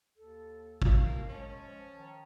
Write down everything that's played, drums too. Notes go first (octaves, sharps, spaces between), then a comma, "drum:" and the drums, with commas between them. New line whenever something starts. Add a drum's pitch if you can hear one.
D#2 A4
F5, drum: kick
B2 A#3
G#3 C#4 A5
F3
D#3